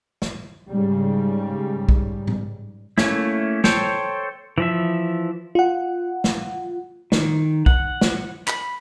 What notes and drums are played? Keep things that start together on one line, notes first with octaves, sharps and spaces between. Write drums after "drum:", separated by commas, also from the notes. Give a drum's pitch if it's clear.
drum: snare
G#2 C#3 G3
drum: kick A#1
drum: tom A2
A3 A#3 C#4 E4, drum: snare
A4 C5 C#5 G5, drum: snare
E3 F3 E5
F4 F#5
drum: snare
D#3, drum: snare
F#5, drum: kick A#1
drum: snare
B5, drum: clap